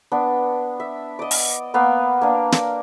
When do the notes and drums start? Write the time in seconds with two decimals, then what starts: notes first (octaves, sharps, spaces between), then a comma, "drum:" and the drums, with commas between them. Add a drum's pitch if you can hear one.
0.12 B3 D4
0.80 E5
1.19 D5 D#5
1.31 drum: open hi-hat
1.74 A#3 B3 F5
2.22 A#3 D4
2.52 A#4, drum: snare